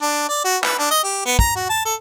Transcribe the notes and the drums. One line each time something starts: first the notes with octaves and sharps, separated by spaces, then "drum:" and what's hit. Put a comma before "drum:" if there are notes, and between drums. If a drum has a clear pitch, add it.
D4
D5
F#4
B4, drum: clap
D4
D#5
G4
B3
A#5, drum: kick
F#4
A5
A4